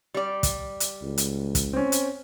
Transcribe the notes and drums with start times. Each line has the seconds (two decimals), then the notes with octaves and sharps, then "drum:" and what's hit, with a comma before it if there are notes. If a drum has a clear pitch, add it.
0.14 G3 D5
0.43 drum: kick, hi-hat
0.80 drum: hi-hat
1.02 C#2
1.18 drum: hi-hat
1.55 drum: kick, hi-hat
1.73 C4 C#4
1.92 drum: hi-hat